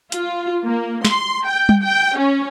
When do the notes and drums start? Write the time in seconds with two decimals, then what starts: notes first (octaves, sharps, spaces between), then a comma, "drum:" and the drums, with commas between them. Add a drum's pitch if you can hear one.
0.12 F4, drum: hi-hat
0.64 A#3
1.05 C6, drum: snare
1.46 G5
1.69 drum: tom G3
1.83 G5
2.17 C#4